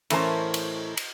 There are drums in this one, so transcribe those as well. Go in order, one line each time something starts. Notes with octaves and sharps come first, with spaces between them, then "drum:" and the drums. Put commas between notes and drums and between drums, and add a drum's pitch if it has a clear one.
A2 E3 C#4 A#4 C5 A5, drum: cymbal
drum: cymbal
drum: cymbal